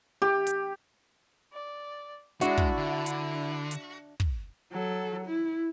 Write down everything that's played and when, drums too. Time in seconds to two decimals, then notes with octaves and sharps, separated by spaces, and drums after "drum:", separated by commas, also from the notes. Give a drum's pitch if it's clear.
0.22 G4
0.47 drum: hi-hat
1.53 D5
2.41 G#3 D4 E4 F#4 D5 E5, drum: hi-hat
2.57 drum: kick
2.77 D3
3.06 drum: hi-hat
3.71 drum: hi-hat
4.20 drum: kick
4.73 F#3 A4
5.25 E4